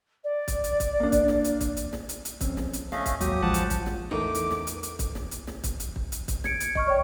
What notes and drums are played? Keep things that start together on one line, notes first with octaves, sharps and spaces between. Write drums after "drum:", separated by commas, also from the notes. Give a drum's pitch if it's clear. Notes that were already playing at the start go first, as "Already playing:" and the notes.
D5
drum: kick, hi-hat
drum: hi-hat
drum: kick, hi-hat
A#3 D4
drum: kick, hi-hat
drum: snare
drum: hi-hat
drum: kick, hi-hat
drum: hi-hat
drum: snare
drum: hi-hat
drum: hi-hat
F2 C4 C#4, drum: kick, hi-hat
drum: snare
drum: hi-hat
A3 C#4 C#5 D#5 F5, drum: snare
drum: kick, hi-hat
D#2 G#2 F#3 G4 D#6, drum: hi-hat
A1 F3 G#3 F#5 A5
drum: hi-hat
drum: kick, hi-hat
drum: snare
E2 A2 D#4 A#4 D#5 C#6 D6 D#7
drum: hi-hat
drum: snare
drum: hi-hat
drum: hi-hat
drum: kick, hi-hat
drum: snare
drum: hi-hat
drum: snare
drum: kick, hi-hat
drum: hi-hat
drum: kick
drum: hi-hat
drum: kick, hi-hat
G#6 C#7 D7, drum: snare
drum: hi-hat
D#5 C#6 F6, drum: kick
C#5 D5 G5